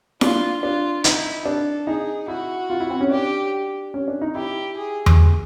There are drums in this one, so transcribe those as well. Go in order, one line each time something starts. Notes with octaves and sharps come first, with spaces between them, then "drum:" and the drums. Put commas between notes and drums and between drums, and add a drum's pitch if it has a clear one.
D4 F4, drum: snare E4
D4 F4
D#4 E4, drum: hi-hat
D4 A4
D#4 G#4
E4 F#4
F4
E4
C4
C#4
D4 G4
C#4
D4
D#4
E4 G4
G#4
drum: tom E2